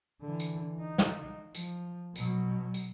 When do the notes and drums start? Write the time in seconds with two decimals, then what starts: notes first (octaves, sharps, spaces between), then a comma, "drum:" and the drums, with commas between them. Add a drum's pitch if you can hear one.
0.22 D3 E3
0.40 drum: tambourine
0.80 D#4
0.98 drum: snare
1.55 F3, drum: tambourine
2.16 B2 F#3, drum: tambourine
2.74 drum: tambourine